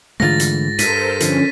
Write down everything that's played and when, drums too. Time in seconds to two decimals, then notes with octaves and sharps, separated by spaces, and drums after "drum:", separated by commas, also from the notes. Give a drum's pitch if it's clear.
0.20 G#2 D3 E3 A3 F4 A6 A#6
0.40 drum: hi-hat
0.79 G2 A4 A#4 C5 B6 D#7, drum: hi-hat
1.20 D3 F3 C#4, drum: hi-hat